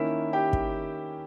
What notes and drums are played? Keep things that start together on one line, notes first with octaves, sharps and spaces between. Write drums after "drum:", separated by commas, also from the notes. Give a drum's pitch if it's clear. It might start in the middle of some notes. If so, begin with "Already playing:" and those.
Already playing: D#3 A#3 C#4 E4 E5
G4 G5
drum: kick